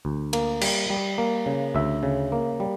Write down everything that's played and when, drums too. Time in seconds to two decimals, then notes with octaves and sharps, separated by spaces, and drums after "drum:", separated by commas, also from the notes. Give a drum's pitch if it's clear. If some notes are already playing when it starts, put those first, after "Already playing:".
0.05 D2
0.33 A#3, drum: cymbal
0.61 G3, drum: cymbal
0.90 G3
1.18 A#3
1.46 C#3
1.75 D2 E5
2.03 C#3
2.32 A#3
2.60 G3